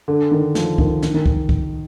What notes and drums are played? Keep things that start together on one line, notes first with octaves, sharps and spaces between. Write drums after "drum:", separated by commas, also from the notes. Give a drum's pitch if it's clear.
D3
D#3
F3, drum: snare
D#3, drum: kick C2
D#3, drum: snare
D#3
drum: kick C2
drum: kick C2